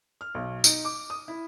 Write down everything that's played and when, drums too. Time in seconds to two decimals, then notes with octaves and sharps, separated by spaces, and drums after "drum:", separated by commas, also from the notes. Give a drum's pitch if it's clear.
0.21 F6
0.34 B1
0.64 D#4, drum: tambourine
0.85 D6
1.10 D#6
1.28 E4